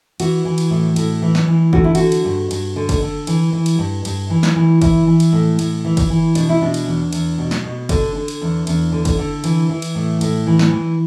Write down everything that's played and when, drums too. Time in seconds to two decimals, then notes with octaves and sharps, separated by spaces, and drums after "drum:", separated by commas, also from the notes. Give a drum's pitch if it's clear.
0.20 E3 F#4, drum: cymbal
0.45 E3
0.58 drum: cymbal
0.70 A2
0.96 A2, drum: cymbal
1.22 E3
1.35 drum: snare
1.48 E3
1.73 D3 F#4, drum: kick
1.84 E4
1.95 D3 F#4, drum: cymbal
2.12 drum: cymbal
2.25 G2
2.51 G2, drum: cymbal
2.76 D3
2.89 drum: kick, cymbal
3.02 D3
3.27 E3, drum: cymbal
3.53 E3
3.66 drum: cymbal
3.79 G2
4.05 G2, drum: cymbal
4.30 E3
4.43 drum: snare
4.56 E3
4.82 E3 E4, drum: kick, cymbal
5.07 E3
5.20 drum: cymbal
5.33 A2
5.59 A2, drum: cymbal
5.85 E3
5.97 drum: kick, cymbal
6.10 E3
6.35 B2 D4, drum: cymbal
6.49 E4
6.61 B2 D4
6.74 drum: cymbal
6.86 E2
7.13 E2, drum: cymbal
7.38 B2
7.51 drum: snare
7.65 B2
7.89 D3 D4, drum: kick, cymbal
8.15 D3
8.28 drum: cymbal
8.42 E2
8.67 E2, drum: cymbal
8.92 D3
9.05 drum: kick, cymbal
9.18 D3
9.44 E3, drum: cymbal
9.70 E3
9.82 drum: cymbal
9.95 A2
10.21 A2, drum: cymbal
10.47 E3
10.59 drum: snare
10.72 E3